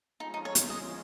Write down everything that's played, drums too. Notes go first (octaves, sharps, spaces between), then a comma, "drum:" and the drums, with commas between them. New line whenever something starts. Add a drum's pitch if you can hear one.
F3 G#3 C#4 D#4 F4 G#4
D#4
C#5
drum: hi-hat
D#5